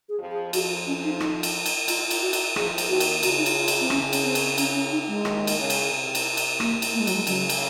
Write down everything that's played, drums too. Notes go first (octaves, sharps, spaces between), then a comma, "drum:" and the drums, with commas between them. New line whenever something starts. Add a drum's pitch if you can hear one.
G#4
F2 F3
G#4
F2 F3 F#4, drum: cymbal
F4
C#4
D#4
D#4, drum: rim click
drum: cymbal
drum: cymbal
F4, drum: cymbal
drum: cymbal
F#4
drum: cymbal
F2 F3 G#4, drum: rim click
drum: cymbal
D#2 D#3 F#4
drum: cymbal
C#3 F#4, drum: cymbal
F4
D#4
F4, drum: cymbal
F4
drum: cymbal
C4
C#3 C#4, drum: rim click
drum: cymbal
C4
drum: cymbal
C#4, drum: cymbal
C#4
D#4
G#3
D#2 D#3, drum: rim click
drum: cymbal
C#3
drum: cymbal
C3
drum: cymbal
drum: cymbal
A#3, drum: rim click
drum: cymbal
A#3
G#3
F#3, drum: cymbal
G#3
C#3 F#3, drum: cymbal
drum: cymbal